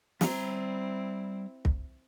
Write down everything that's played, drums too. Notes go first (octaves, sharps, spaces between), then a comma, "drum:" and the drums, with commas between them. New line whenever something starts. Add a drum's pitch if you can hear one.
G3 C4 E4 A#5, drum: snare
drum: kick